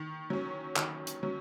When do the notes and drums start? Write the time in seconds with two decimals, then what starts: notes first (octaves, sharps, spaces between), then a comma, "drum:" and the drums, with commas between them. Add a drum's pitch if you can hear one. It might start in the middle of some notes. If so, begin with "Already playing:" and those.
Already playing: D#3
0.30 F#3 C#4
0.76 D#3, drum: clap
1.07 drum: hi-hat
1.23 F#3 C#4